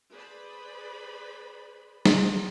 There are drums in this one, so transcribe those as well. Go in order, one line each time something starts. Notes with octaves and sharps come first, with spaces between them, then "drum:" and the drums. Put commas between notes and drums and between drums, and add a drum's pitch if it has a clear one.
G#4 B4 C5 D5 B5
drum: snare